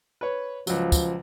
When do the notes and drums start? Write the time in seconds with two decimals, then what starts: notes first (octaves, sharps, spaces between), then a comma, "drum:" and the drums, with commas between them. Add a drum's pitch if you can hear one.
0.21 B4 C#5
0.67 C#2 F3 F#3, drum: tambourine
0.92 drum: kick, tambourine